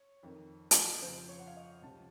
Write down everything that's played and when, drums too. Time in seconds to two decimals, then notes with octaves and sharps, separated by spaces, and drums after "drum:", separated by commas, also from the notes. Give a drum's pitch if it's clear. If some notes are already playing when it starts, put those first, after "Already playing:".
Already playing: C#5
0.23 F2 D#3
0.71 drum: hi-hat
1.02 F2 C#3 F3 C5
1.29 C#5
1.39 F#5
1.47 F5
1.57 D#5
1.82 C#2 C3 F3 A5